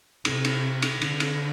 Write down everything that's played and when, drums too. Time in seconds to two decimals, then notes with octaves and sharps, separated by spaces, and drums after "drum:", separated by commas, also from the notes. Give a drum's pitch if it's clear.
0.25 C3, drum: cymbal
0.44 drum: cymbal
0.82 drum: cymbal
1.01 D3, drum: cymbal
1.20 drum: cymbal